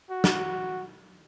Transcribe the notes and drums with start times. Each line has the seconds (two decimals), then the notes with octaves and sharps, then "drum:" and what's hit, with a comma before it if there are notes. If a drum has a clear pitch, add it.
0.10 F#4
0.24 drum: snare